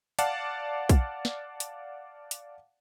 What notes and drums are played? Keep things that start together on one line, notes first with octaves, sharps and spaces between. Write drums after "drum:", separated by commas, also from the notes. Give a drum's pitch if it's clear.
D5 F5 F#5 A5, drum: hi-hat
drum: kick, hi-hat
drum: snare
drum: hi-hat
drum: hi-hat